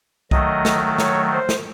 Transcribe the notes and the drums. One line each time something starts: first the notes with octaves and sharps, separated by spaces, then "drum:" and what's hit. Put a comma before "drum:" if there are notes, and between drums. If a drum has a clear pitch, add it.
D#3 F#3 A3 D#5, drum: kick
drum: snare
C#5, drum: snare
C5
drum: snare